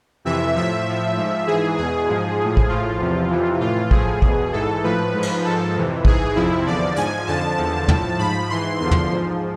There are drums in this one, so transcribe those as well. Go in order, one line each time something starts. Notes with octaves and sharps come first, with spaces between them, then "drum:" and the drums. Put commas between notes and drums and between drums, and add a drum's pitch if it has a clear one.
F2 C3 E3 E5
A2 F3 E5
A2 F3
G#2 F3
G#2 E3 G#4
E2 B2 G#4
G#2 F3
F3
A2
drum: kick
A2 F3 F4
E2 C3 F3
F2 C3 E3
A2 E3 F4
A2 F3 G#4, drum: kick
E2, drum: kick
B2
G#2 E3 A4
A2 F3 B4
G#2 F3
drum: cymbal
G#2 F3 A4
F2 C3 E3
G#2 E3 G#4, drum: kick
F2 C3 F3 E4
E2 D3 F3 D5
G#2 F3 G#5, drum: hi-hat
F2 D3 F3 A5
E2 D3 F3
A2 F3, drum: tom
G#2 F3 B5
G#2 E3 C6
E2 D3 F3 C6
drum: tom
G#2 F3